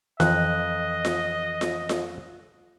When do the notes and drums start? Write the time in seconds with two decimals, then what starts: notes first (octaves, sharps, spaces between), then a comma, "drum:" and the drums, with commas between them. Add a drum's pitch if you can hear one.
0.20 F2 E3 D#5 F#6, drum: snare F4
1.05 drum: snare F4
1.61 drum: snare F4
1.89 drum: snare F4